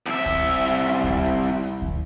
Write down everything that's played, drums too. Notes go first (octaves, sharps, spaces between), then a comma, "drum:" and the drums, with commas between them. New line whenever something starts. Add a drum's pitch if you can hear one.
C2 E5, drum: hi-hat
drum: kick D2, hi-hat
drum: hi-hat
drum: hi-hat
drum: hi-hat
drum: kick D2
drum: hi-hat
drum: hi-hat
drum: hi-hat
drum: kick D2